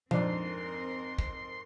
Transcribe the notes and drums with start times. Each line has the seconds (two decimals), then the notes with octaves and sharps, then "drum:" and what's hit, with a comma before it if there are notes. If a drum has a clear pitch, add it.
0.11 F2 G#2 F3 C4 D4 A#4 C6, drum: tom A#2
1.19 drum: kick